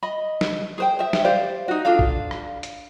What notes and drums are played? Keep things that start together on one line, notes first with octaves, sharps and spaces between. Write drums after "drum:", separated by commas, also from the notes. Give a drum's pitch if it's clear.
D#5 B5
drum: snare
G#4 C5 G5
C5 E5
drum: snare
G4 C5 D5 F5
D#4 F#4
D4 F4 A4 F5
drum: kick A#1
drum: rim click
drum: hi-hat